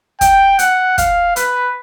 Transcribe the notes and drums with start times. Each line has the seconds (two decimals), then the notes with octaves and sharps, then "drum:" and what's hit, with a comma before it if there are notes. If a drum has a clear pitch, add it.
0.21 G5, drum: kick, hi-hat
0.59 F#5, drum: hi-hat
0.98 F5, drum: kick, hi-hat
1.36 B4, drum: hi-hat